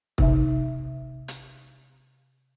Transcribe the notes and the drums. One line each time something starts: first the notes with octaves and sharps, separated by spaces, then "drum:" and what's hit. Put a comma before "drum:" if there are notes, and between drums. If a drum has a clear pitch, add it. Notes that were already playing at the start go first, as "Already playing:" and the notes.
C3 D#4 E5, drum: kick
drum: hi-hat